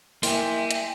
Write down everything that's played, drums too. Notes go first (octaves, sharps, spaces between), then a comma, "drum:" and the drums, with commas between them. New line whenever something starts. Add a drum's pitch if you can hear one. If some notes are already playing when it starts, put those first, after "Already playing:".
A#3 E4 E5 G5 G#5 C6, drum: open hi-hat
drum: hi-hat